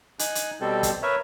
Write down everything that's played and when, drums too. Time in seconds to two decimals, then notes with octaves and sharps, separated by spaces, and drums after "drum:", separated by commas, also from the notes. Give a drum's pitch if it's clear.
0.19 D#4 G#5 F#6, drum: hi-hat
0.35 drum: hi-hat
0.61 B2 G3 C4 A4
0.83 drum: kick, hi-hat
1.02 A#4 B4 C#5 E5